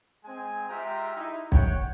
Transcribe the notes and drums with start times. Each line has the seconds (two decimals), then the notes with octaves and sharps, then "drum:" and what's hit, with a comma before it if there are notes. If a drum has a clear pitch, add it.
0.24 G#3 C4 G#5
0.69 G#3 F4 G4 E5 G5 A#5
1.15 D#4 E4 E5
1.52 C#5 F#5 G5, drum: kick B1